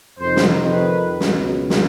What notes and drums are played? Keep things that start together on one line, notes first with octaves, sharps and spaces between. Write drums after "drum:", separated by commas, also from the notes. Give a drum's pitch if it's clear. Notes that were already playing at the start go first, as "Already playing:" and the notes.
F2 C3 D#3 C5
drum: snare
B4
C#2 B2 F#3, drum: snare
drum: snare